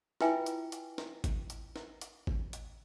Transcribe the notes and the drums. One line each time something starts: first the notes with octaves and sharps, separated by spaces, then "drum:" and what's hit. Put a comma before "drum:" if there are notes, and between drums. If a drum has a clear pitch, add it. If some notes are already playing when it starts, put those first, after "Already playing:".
E4 F4 B4 E5 G5 G#5, drum: snare
drum: hi-hat
drum: hi-hat
drum: snare
drum: kick G#1, hi-hat
drum: hi-hat
drum: snare
drum: hi-hat
drum: kick G#1
drum: hi-hat